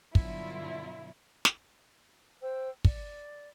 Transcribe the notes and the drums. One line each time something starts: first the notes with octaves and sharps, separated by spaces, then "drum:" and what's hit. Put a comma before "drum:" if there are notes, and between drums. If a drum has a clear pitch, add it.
G2 B2 D3 F#3 E4 F4, drum: kick
drum: snare
C5 G5 E6
D5, drum: kick